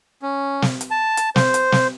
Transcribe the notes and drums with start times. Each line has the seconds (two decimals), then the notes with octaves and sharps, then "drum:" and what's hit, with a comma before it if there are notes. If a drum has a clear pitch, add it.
0.22 C#4
0.62 drum: snare
0.81 drum: hi-hat
0.91 A5
1.17 drum: hi-hat
1.36 C5, drum: snare
1.54 drum: hi-hat
1.72 drum: snare